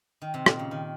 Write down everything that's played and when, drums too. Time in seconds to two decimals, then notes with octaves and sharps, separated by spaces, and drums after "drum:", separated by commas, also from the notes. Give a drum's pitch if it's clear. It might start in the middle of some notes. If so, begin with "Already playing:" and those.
0.22 D#3
0.34 C3
0.46 A#2, drum: rim click
0.59 C#3
0.71 D#3